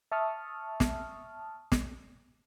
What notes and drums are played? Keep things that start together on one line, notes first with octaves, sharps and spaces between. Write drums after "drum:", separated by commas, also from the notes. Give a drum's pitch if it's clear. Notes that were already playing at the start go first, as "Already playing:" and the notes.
E5 A5 C#6 D#6 F6
drum: snare
drum: snare